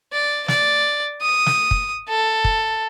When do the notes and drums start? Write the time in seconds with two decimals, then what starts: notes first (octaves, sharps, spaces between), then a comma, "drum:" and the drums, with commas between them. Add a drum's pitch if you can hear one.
0.13 D5
0.48 D5, drum: snare
1.21 D#6
1.46 drum: snare
1.71 drum: kick
2.09 A4
2.44 drum: kick